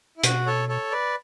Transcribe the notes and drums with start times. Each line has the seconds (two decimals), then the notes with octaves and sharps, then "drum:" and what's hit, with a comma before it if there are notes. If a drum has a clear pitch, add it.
0.17 E4
0.23 B2 F#4, drum: hi-hat
0.46 A4 C#5
0.69 A4 C#5
0.91 B4 D5